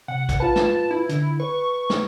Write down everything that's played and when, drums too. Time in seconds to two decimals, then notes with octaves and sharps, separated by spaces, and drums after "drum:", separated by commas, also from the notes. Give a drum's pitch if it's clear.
0.08 C3 F#5
0.29 drum: kick A#1, hi-hat
0.40 F4 B4 A5
0.56 drum: snare
0.91 E4
1.09 D3, drum: hi-hat
1.40 B4 C#6
1.90 drum: snare